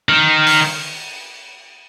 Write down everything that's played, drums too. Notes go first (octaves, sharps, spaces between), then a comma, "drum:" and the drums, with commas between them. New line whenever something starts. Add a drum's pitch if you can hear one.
D#3
drum: open hi-hat